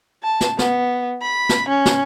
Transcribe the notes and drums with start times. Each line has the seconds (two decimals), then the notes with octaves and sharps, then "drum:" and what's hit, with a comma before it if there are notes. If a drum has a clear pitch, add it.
0.23 A5
0.41 drum: snare
0.59 B3, drum: snare
1.22 B5
1.49 drum: snare
1.69 C#4
1.86 drum: snare